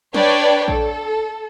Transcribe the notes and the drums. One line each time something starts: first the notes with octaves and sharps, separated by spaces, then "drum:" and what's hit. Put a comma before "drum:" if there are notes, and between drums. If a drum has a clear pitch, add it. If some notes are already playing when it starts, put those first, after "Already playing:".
D4 B4 C#5 D5 G5, drum: snare
A4, drum: kick A1